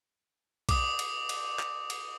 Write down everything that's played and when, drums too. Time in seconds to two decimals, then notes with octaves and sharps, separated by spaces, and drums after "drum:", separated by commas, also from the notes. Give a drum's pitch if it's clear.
0.69 D6 D#6, drum: kick B1, cymbal
0.99 drum: cymbal
1.29 drum: cymbal
1.60 drum: clap
1.90 drum: cymbal